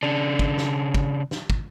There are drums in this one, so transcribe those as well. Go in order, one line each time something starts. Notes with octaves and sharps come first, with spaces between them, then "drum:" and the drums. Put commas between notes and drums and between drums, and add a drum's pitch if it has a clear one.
C#3 D4
drum: kick
drum: snare
drum: kick
drum: snare
drum: kick